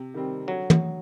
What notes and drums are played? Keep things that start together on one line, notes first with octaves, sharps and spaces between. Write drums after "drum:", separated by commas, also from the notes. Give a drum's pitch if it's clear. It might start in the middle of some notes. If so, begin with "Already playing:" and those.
Already playing: C3
D#3 G3 C4
D3 F#3
drum: tom